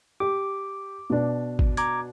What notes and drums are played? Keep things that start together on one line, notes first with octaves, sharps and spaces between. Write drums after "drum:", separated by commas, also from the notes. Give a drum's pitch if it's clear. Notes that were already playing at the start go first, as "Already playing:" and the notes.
G4 D6
B2 D4
drum: kick
A#5 D6 G#6, drum: hi-hat